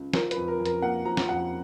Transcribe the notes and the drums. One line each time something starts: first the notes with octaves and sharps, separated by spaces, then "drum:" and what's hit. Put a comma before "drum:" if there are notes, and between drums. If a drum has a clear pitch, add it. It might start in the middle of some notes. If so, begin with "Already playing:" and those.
Already playing: C#2
F3 A#4, drum: snare
B4, drum: hi-hat
F2
A#4
F2
A#4, drum: hi-hat
A#3 F#5
F3 A#5
drum: snare
F2 F#5